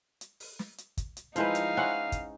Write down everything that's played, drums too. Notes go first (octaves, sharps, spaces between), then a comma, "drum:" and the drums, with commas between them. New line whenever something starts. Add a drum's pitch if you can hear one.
drum: hi-hat
drum: open hi-hat
drum: snare
drum: hi-hat
drum: kick, hi-hat
drum: hi-hat
F3 G#3 D#4 E4 B4 C5 F5, drum: hi-hat
drum: hi-hat
C#4 E4 C5 F#5
drum: kick, hi-hat